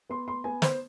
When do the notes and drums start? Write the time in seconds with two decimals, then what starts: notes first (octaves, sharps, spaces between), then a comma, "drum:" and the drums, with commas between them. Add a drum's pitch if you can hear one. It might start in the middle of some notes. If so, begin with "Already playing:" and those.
0.09 B3 C6
0.28 C6
0.44 B3 G#5
0.62 C5, drum: snare